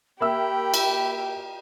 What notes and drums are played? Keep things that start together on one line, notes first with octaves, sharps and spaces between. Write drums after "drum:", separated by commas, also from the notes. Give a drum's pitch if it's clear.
A#3 G4 E5 G5 B5 E6
drum: cymbal